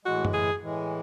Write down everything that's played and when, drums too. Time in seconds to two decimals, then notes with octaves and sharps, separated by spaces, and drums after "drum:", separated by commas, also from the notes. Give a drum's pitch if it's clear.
0.05 A2 E3 G#3 F#4
0.25 drum: tom F#2
0.34 G#4
0.62 A2 E3 G#3